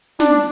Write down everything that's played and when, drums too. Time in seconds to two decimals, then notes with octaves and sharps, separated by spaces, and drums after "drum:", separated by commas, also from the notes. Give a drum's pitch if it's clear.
0.20 D4, drum: snare